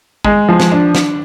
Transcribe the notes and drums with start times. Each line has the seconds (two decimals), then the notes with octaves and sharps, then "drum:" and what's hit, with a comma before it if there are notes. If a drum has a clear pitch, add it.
0.24 G#3, drum: kick
0.49 F3
0.60 drum: snare
0.72 D4
0.95 drum: snare